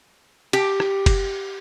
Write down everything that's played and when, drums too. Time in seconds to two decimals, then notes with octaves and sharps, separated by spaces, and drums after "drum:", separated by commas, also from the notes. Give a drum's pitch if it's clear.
0.53 G4, drum: cymbal
0.80 drum: rim click
1.06 drum: kick F#1, cymbal